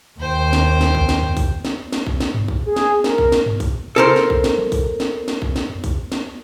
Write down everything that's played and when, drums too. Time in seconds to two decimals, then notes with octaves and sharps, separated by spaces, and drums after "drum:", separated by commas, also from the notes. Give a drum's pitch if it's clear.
0.20 D#2 C5 G5
0.53 drum: snare
0.81 drum: snare
0.95 drum: kick A#1
1.09 drum: snare
1.23 drum: tom F2
1.37 drum: kick A#1, open hi-hat
1.65 drum: snare
1.93 drum: snare
2.06 drum: kick A#1
2.20 drum: snare
2.34 drum: tom G2
2.48 drum: kick A#1
2.66 G#4
2.76 drum: snare
3.04 A#4, drum: snare
3.18 drum: kick A#1
3.32 drum: snare
3.46 drum: tom G2
3.60 drum: kick A#1, open hi-hat
3.96 A4 A#4 C5
4.16 drum: snare
4.30 drum: kick A#1
4.44 drum: snare
4.58 drum: tom
4.72 drum: kick A#1, open hi-hat
5.00 drum: snare
5.28 drum: snare
5.42 drum: kick A#1
5.56 drum: snare
5.70 drum: tom F2
5.84 drum: kick A#1, open hi-hat
6.12 drum: snare